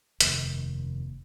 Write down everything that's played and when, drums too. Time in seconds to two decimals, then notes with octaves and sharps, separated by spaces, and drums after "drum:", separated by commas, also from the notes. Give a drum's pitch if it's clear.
0.21 F1 D#2, drum: hi-hat